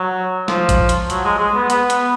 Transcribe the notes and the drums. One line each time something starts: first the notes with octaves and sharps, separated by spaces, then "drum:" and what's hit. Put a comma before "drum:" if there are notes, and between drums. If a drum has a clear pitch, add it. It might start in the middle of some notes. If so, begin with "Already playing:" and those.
Already playing: F#3
F3, drum: snare
drum: kick A1, hi-hat
drum: hi-hat
F#3, drum: hi-hat
G#3
G#3
B3
B3, drum: hi-hat
drum: hi-hat